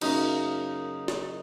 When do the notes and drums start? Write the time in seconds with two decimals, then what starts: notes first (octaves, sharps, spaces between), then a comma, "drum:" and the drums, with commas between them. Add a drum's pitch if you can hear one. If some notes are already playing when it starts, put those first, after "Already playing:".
0.01 F#2 C#3 A#3 D#4, drum: cymbal
1.08 drum: snare